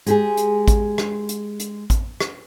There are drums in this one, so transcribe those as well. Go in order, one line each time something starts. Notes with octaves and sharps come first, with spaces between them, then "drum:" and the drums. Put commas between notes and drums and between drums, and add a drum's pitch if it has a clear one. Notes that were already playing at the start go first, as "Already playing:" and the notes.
G#3 G4 G#4, drum: hi-hat
drum: hi-hat
drum: kick A1, hi-hat
drum: rim click
drum: hi-hat
drum: hi-hat
drum: kick A1, hi-hat
drum: rim click